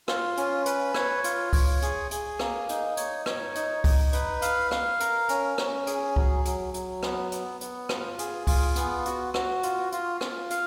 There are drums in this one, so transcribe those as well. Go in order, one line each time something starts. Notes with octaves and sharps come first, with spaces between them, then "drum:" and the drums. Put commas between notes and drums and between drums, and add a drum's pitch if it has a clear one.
F4, drum: rim click
C#4, drum: hi-hat
B4, drum: hi-hat
C#5, drum: rim click
F4, drum: hi-hat
C#5, drum: kick C#2, open hi-hat
G#4, drum: hi-hat
G#4, drum: hi-hat
A#3, drum: rim click
D#4, drum: hi-hat
C#5, drum: hi-hat
C#5, drum: rim click
D#4, drum: hi-hat
D#4, drum: kick C#2, open hi-hat
B4, drum: hi-hat
F5, drum: hi-hat
F5, drum: rim click
A#4, drum: hi-hat
C#4, drum: hi-hat
C#4, drum: rim click
G#4, drum: hi-hat
F#3, drum: kick C#2
F#3, drum: hi-hat
F#3, drum: hi-hat
B3, drum: rim click
B3, drum: hi-hat
B3, drum: hi-hat
F4, drum: rim click
G#4, drum: hi-hat
F4, drum: kick C#2, open hi-hat
B3, drum: hi-hat
F#4, drum: hi-hat
F#4, drum: rim click
F4, drum: hi-hat
F4, drum: hi-hat
F4, drum: rim click
F5, drum: hi-hat